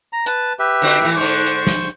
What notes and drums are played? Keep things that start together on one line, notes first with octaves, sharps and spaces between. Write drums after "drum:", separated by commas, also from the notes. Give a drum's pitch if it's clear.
A#5
B4 A5, drum: hi-hat
G4 B4 E5
D3 C4 F#4
A2 E3
G#2 D3 C5 C#6
drum: hi-hat
drum: snare